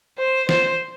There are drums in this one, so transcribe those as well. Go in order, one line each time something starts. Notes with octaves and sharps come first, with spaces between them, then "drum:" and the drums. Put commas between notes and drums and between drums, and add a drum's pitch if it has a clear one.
C5
C5, drum: snare